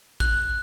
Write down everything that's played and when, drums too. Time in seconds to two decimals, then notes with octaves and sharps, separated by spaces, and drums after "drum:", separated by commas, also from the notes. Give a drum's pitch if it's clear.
0.20 F#6, drum: kick